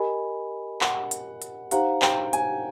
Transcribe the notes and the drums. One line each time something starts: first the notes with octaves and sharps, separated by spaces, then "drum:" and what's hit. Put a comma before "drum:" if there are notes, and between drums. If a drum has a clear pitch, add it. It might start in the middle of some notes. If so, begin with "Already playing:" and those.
Already playing: G4 A#4 D#5 G#5 B5
F#5, drum: clap
drum: hi-hat
drum: hi-hat
D#4 G4 C5 F5 F#5 A#5, drum: hi-hat
G5, drum: clap
G#5, drum: hi-hat